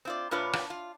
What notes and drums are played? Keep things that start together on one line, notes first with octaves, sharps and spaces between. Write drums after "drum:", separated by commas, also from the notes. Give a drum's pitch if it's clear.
C4 F4 D5
A#2 D4 F4 B4 C#5
drum: rim click
F4